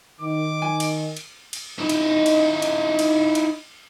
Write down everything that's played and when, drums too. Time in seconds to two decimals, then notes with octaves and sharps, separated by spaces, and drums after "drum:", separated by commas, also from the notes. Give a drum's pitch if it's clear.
0.21 D#3 D6
0.62 G#5
0.80 drum: cymbal
1.17 drum: cymbal
1.53 drum: cymbal
1.79 D#4 E4
1.89 drum: cymbal
2.26 drum: cymbal
2.62 drum: cymbal
2.99 drum: cymbal
3.35 drum: cymbal